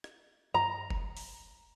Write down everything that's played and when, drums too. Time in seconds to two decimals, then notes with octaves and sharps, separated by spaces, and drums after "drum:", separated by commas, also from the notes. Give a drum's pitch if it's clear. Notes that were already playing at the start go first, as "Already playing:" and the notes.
0.04 drum: rim click
0.54 A#5, drum: tom G2
0.90 drum: kick F1
1.17 drum: open hi-hat